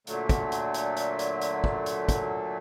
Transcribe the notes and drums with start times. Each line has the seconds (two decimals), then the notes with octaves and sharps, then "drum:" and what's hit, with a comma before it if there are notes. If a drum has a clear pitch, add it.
0.07 A#2 D3 F#3 A3, drum: hi-hat
0.29 drum: kick, hi-hat
0.52 drum: hi-hat
0.74 drum: hi-hat
0.97 drum: hi-hat
1.19 drum: hi-hat
1.41 drum: hi-hat
1.64 drum: kick
1.86 drum: hi-hat
2.09 drum: kick, hi-hat